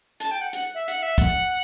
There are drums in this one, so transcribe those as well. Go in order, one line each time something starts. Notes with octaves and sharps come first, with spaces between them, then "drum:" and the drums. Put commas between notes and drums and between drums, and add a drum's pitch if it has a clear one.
A5, drum: hi-hat
G5
F#5
F#5, drum: hi-hat
E5
F#5, drum: hi-hat
E5
F#5, drum: kick, hi-hat